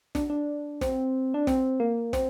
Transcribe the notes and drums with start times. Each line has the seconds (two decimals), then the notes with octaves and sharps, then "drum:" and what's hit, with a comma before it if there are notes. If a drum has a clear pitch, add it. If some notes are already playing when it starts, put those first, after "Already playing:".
0.15 D4, drum: snare
0.30 D4
0.81 C4, drum: snare
1.34 D4
1.47 C4, drum: snare
1.80 A#3
2.13 C4, drum: snare